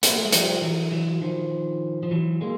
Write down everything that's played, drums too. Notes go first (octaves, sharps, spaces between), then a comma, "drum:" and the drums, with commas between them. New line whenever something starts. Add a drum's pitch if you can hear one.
B3, drum: hi-hat
A#3
A3
G#3
F3 G3, drum: hi-hat
E3 F#3
E3 F#3
D#3 F3
F3
E3 F#3
G#3 A#3